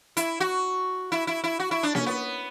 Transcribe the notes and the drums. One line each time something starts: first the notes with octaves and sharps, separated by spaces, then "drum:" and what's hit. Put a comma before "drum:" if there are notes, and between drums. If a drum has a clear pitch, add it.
E4, drum: hi-hat
F#4
E4
E4
E4
F#4
E4
D4
C#4, drum: snare A#3
B3